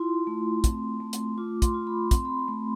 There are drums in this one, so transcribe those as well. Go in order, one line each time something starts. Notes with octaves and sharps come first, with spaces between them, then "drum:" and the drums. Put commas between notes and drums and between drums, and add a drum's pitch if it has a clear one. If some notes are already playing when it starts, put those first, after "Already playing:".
Already playing: E4 F4 C6
A3
C4, drum: kick, hi-hat
A3
drum: hi-hat
F4 D6
C6, drum: kick, hi-hat
F4
B5
C4 C6, drum: kick, hi-hat
B5
C6
A3